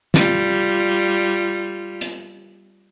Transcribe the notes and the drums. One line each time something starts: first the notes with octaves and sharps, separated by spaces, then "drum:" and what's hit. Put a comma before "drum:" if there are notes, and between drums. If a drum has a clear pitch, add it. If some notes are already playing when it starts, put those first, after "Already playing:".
G3 F4, drum: snare
drum: hi-hat